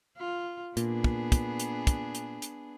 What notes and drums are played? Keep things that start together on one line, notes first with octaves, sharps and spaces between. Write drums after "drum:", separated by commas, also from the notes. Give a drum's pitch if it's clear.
F4
A#2 B3 D4 G#4, drum: hi-hat
drum: kick
drum: kick, hi-hat
drum: hi-hat
drum: kick, hi-hat
drum: hi-hat
drum: hi-hat